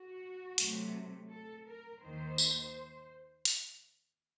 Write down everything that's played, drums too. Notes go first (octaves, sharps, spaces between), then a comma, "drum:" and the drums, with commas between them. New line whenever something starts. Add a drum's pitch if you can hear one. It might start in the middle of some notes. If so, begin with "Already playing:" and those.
Already playing: F#4
C3 F#3 A3, drum: hi-hat
A4
A#4
D#2 D#3 A#3 C5
drum: tambourine
drum: hi-hat